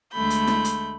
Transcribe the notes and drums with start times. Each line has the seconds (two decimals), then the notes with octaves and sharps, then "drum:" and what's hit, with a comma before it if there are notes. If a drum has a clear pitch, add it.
0.13 D2 G#3 A3 B5 G6
0.30 drum: hi-hat
0.47 drum: snare E4
0.65 drum: hi-hat